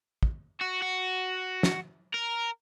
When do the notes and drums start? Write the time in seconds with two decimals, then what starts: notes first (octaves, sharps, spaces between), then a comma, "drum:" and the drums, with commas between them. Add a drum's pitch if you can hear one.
0.23 drum: kick
0.61 F#4
0.82 F#4
1.63 drum: snare
2.14 A#4